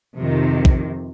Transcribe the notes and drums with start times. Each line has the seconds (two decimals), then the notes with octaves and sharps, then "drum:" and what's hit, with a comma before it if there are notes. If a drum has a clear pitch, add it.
0.17 F2 C3 D#3
0.65 drum: kick